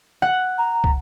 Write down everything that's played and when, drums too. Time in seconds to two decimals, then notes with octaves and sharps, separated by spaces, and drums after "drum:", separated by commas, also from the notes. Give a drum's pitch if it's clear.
0.22 F#5
0.58 A#5
0.84 drum: kick